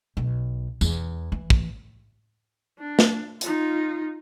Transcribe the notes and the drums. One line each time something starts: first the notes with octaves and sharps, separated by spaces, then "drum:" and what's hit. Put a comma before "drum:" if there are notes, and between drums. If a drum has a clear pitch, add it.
B1
E2, drum: tambourine
E3
drum: kick
D4
drum: snare
D#4 F4, drum: hi-hat